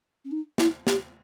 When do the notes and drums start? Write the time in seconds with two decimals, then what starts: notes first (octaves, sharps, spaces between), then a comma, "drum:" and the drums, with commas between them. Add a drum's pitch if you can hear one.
0.24 C#4
0.31 D#4
0.58 E4, drum: snare
0.87 G4, drum: snare